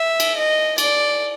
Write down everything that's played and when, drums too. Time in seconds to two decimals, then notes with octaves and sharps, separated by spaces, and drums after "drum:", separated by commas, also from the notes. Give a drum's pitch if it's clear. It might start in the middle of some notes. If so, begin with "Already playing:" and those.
Already playing: E5
0.20 drum: cymbal
0.36 D#5
0.78 D5, drum: cymbal